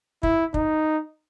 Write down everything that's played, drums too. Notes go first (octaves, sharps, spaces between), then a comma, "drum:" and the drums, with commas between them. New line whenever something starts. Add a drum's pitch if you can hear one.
E4, drum: kick
D#4, drum: kick